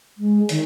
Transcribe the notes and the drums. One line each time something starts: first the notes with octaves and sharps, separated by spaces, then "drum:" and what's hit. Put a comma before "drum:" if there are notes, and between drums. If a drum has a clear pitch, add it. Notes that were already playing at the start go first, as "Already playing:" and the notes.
G#3
D#3, drum: open hi-hat